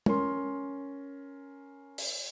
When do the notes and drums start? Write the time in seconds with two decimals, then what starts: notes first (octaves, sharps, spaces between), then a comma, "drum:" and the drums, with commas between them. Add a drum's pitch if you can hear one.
0.06 C#4 A#4 C6, drum: tom
1.98 drum: open hi-hat